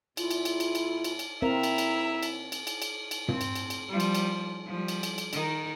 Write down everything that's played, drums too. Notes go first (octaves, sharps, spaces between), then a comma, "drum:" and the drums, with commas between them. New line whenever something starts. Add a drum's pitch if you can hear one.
A#2 E4 F4, drum: cymbal
drum: cymbal
drum: cymbal
drum: cymbal
drum: cymbal
drum: cymbal
drum: cymbal
C4 E4 A#4 E5 F5 A#5
drum: cymbal
drum: cymbal
drum: cymbal
drum: cymbal
drum: cymbal
drum: cymbal
drum: cymbal
C4, drum: tom
drum: cymbal
drum: cymbal
drum: cymbal
F3 G3
drum: cymbal
drum: cymbal
F3 G3
drum: cymbal
drum: cymbal
drum: cymbal
D#3 D#4, drum: cymbal